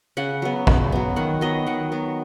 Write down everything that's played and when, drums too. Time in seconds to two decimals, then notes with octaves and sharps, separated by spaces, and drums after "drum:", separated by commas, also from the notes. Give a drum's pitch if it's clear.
0.17 C#3 F#5
0.42 F#3 B3
0.67 C#3, drum: kick
0.92 F#3 B3
1.16 D#3 F#5
1.41 F#3 B3 D#5
1.67 D#3 F#5
1.92 F#3 B3